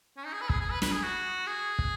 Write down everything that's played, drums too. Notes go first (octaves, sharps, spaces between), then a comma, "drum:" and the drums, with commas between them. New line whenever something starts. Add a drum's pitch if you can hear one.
C#4
D#4
G#4
B4
G#4, drum: kick
G#4
B4
B4, drum: snare
G#4
F#4
G#4
drum: kick